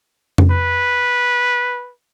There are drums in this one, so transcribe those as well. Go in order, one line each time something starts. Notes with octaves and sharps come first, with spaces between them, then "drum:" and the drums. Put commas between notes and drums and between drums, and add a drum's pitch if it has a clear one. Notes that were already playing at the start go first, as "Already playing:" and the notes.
drum: tom F2
B4